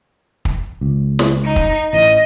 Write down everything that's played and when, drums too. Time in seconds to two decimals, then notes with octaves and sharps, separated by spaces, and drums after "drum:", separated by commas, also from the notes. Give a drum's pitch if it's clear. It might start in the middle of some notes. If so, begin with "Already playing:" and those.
0.45 drum: kick
0.81 C#2
1.19 drum: snare
1.44 D#4
1.56 drum: kick
1.93 A1 E3 D#5